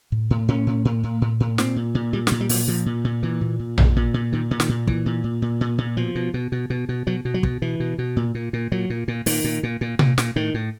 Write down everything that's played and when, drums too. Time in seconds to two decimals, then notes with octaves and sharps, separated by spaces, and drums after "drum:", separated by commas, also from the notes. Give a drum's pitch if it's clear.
0.12 A2
0.30 A2
0.48 A2 C#4
0.67 A2
0.85 A2
1.03 A2
1.22 A2
1.40 A2
1.58 A#2 C4, drum: snare
1.76 A#2
1.95 A#2
2.13 A#2 G3
2.27 G3, drum: snare
2.31 A#2
2.41 G3
2.49 A#2 F#3, drum: open hi-hat
2.68 A#2 F3
2.86 A#2
3.04 A#2
3.23 A#2 E3
3.41 A#2
3.59 A#2
3.78 A#2, drum: tom A#1
3.96 A#2
4.14 A#2
4.32 A#2 D#3
4.51 A#2
4.60 D#3, drum: snare
4.69 A#2
4.87 A#2 E3, drum: kick
5.06 A#2
5.24 A#2
5.42 A#2
5.61 A#2
5.78 A#2
5.97 B2 F3
6.15 B2
6.34 B2
6.52 B2
6.70 B2
6.89 B2
7.07 B2 F#3
7.25 B2
7.34 F#3
7.43 B2, drum: kick
7.62 B2 E3
7.80 B2
7.98 B2
8.16 A#2
8.35 A#2
8.53 A#2
8.72 A#2 F#3
8.90 A#2
9.08 A#2
9.26 A#2 D#3, drum: open hi-hat
9.44 A#2
9.63 A#2
9.81 A#2
9.99 A#2, drum: tom B2
10.18 A#2, drum: snare
10.36 A2 D#3
10.54 A2